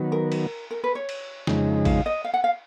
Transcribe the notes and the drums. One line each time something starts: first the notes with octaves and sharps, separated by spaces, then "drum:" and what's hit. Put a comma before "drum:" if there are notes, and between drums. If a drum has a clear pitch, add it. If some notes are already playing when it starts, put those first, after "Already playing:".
Already playing: D#3 F#3 B3
A#4
drum: cymbal
A#4
B4
C#5
drum: cymbal
F2 C#3 G#3 D#4, drum: snare
F5, drum: kick A1, cymbal
D#5
F5
F#5
F5